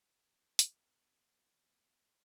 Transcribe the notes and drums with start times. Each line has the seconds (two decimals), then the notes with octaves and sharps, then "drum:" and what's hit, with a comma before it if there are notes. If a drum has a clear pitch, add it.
0.59 drum: hi-hat
0.76 C3 D#3 G3 B3
1.37 F2